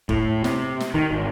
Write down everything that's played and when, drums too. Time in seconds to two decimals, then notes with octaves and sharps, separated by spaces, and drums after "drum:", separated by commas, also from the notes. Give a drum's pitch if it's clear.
0.09 A2, drum: kick F1
0.44 C3, drum: snare
0.80 drum: snare
0.94 D#3
1.11 G#1